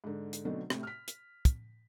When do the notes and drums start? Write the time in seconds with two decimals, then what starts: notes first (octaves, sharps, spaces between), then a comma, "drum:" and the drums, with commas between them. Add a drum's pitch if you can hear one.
0.04 G#2 D3
0.33 drum: hi-hat
0.45 B2 D3 F#3 A3 C4 D#4
0.70 A2 C3, drum: rim click
0.83 F6 B6
1.08 drum: hi-hat
1.45 drum: kick, hi-hat